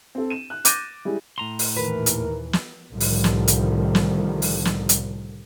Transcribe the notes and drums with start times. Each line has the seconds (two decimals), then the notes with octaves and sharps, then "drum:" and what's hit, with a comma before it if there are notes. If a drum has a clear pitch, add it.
0.15 C4 A4
0.30 D#7 E7
0.50 F#6
0.65 D6 F#6 G6 A6 A#6 D#7, drum: hi-hat
1.05 G3 G#3 E4
1.38 A2 A#5 C6
1.59 drum: open hi-hat
1.76 D#2 A#2 E3 A#4 B4
2.06 drum: hi-hat
2.53 drum: snare
2.91 C2 A2 D3 D#3 F3 G3
3.00 drum: open hi-hat
3.24 drum: snare
3.48 drum: hi-hat
3.95 drum: snare
4.42 drum: open hi-hat
4.65 drum: snare
4.89 drum: hi-hat